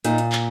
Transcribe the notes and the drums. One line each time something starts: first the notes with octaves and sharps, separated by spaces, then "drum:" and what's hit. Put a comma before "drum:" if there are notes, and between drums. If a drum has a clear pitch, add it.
A#2 D#4, drum: hi-hat
drum: hi-hat
drum: clap